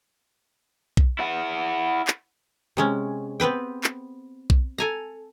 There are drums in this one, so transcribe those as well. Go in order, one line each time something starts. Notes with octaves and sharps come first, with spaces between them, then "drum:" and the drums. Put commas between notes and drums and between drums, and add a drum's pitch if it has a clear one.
drum: kick B1
E4 F#5
drum: clap
C3 G#3 C#4
B3 C4 B4 G5
drum: clap
drum: kick B1
A4 G#5 A#5